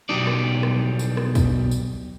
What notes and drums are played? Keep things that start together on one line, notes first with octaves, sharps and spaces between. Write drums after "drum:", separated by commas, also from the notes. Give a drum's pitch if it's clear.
B1 F#3 G3 D#4 D5
drum: rim click
drum: rim click
drum: tambourine
drum: rim click
drum: kick, tambourine
drum: tambourine